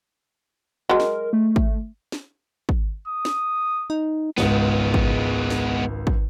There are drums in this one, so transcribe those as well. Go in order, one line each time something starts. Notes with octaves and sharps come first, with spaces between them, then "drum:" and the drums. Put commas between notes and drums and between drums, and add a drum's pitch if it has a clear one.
F#3 G#3 A#4
drum: snare
A3
drum: kick
drum: snare
drum: kick
D#6
drum: snare
D#4
G#1 C#2 G#3 B3, drum: snare
drum: kick
drum: snare
drum: kick